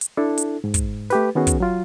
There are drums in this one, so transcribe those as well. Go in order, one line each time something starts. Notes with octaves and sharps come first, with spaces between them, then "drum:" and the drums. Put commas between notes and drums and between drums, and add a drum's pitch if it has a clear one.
drum: hi-hat
D4 E4 A4
drum: hi-hat
G#2
drum: kick, hi-hat
A3 G4 B4, drum: snare
D#3 B3 C#4 F#4 G#4
drum: kick, hi-hat
F#3 F4